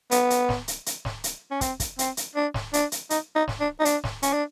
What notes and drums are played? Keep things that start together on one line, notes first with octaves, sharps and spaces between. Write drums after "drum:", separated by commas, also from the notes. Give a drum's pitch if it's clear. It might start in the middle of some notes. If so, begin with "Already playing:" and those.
B3, drum: hi-hat
drum: hi-hat
drum: snare
drum: hi-hat
drum: hi-hat
drum: snare
drum: hi-hat
C#4
C4, drum: kick, hi-hat
drum: kick, hi-hat
C4, drum: hi-hat
drum: hi-hat
D4
drum: snare
D4, drum: hi-hat
drum: hi-hat
D#4, drum: hi-hat
D#4
drum: snare
D4
D#4
D4, drum: hi-hat
drum: snare
C#4, drum: hi-hat
D4